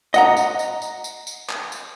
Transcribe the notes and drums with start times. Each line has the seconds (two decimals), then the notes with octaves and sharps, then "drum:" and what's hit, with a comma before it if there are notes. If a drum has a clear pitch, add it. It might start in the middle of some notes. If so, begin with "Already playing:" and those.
0.14 D#5 F#5 A#5, drum: tambourine
0.37 drum: tambourine
0.59 drum: tambourine
0.82 drum: tambourine
1.04 drum: tambourine
1.27 drum: tambourine
1.49 drum: clap
1.72 drum: tambourine